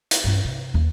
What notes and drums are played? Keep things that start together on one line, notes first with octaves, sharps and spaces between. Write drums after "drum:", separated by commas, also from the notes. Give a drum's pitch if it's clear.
drum: hi-hat
G2 C#4
C3
D#2